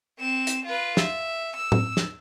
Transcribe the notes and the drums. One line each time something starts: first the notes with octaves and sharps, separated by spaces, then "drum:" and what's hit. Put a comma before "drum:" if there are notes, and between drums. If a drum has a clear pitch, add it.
C4 E7
drum: hi-hat
F4 B4
E5, drum: snare
E6
drum: tom A2
drum: snare